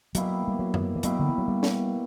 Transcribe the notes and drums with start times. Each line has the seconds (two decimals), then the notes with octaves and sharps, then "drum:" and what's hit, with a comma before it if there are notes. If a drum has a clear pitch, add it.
0.15 B2 F#3 A#3 E4 G4, drum: hi-hat
0.48 G3
0.59 F#3
0.74 drum: tom F#2
0.96 E3
1.03 B2 F#3 A#3 E4 G4, drum: hi-hat
1.19 D3
1.29 E3
1.38 F#3
1.48 G3
1.63 drum: snare